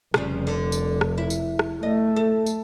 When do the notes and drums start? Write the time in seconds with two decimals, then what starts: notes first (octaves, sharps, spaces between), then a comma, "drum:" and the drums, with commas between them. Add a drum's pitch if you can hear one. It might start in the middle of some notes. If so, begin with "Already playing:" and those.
0.14 F1 C#3 F3 G3, drum: rim click
0.47 D3
0.72 drum: tambourine
1.01 drum: rim click
1.18 E4
1.30 drum: tambourine
1.59 drum: rim click
1.83 A3 D#5
2.16 A4
2.46 drum: tambourine